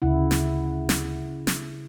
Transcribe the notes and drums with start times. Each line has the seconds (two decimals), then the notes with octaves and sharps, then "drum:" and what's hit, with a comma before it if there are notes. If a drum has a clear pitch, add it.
0.02 D2 C#3 E4 F#5
0.31 drum: snare
0.89 drum: snare
1.47 drum: snare